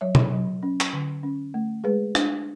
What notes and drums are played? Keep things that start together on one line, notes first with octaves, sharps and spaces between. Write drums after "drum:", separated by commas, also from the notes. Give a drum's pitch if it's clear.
F#3 C#5 E5
drum: tom B2
F#3
C#4
drum: clap
D3
C#4
A3
G#3 G#4 B4
D4, drum: rim click